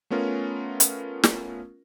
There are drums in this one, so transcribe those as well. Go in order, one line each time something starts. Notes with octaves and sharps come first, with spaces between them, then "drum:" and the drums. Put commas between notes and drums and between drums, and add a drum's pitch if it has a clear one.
A3 B3 C#4 F4 A#4
drum: hi-hat
drum: snare